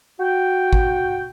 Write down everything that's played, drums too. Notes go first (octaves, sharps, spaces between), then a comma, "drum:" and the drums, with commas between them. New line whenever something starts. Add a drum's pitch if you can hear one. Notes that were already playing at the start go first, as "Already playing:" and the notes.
F#4 G5
drum: kick G#1